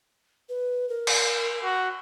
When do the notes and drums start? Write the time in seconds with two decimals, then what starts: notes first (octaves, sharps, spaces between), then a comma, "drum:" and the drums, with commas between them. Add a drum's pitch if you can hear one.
0.49 B4
0.89 A#4
1.07 drum: cymbal
1.64 F#4